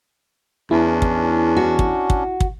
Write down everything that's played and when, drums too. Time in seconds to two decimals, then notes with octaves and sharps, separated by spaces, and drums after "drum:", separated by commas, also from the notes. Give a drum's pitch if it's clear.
0.71 E2 C#4 D4 E4
1.02 drum: kick
1.57 F#4
1.79 drum: kick
2.10 drum: kick
2.40 drum: kick